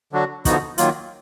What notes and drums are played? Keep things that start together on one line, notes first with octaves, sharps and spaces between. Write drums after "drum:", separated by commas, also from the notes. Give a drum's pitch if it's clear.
D3 F#3 D4 F#4
D3 F3 B3 D#4 F#4, drum: kick, hi-hat
D#3 F#3 A#3 F4, drum: hi-hat